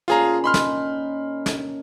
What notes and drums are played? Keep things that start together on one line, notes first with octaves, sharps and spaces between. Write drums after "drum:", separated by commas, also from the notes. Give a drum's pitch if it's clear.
A#2 C#4 F4 G#4 A5 A#5
D#4 B5 C6 F6
drum: snare
drum: snare